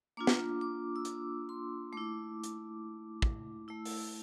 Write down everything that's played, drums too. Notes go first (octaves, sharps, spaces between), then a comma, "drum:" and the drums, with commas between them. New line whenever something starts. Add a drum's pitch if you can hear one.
A#3 D4 F4 D6
drum: snare
D6
E6
D6, drum: hi-hat
C6
A3 E4 D6
drum: hi-hat
drum: kick
A3 E4 E6
drum: open hi-hat